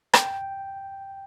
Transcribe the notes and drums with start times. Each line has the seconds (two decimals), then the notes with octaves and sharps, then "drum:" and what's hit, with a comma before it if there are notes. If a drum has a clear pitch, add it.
0.14 G5, drum: rim click